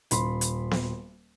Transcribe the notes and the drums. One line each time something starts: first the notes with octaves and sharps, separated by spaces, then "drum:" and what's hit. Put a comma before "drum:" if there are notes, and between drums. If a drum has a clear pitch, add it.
D#1 B5 C6, drum: hi-hat
drum: hi-hat
drum: snare B3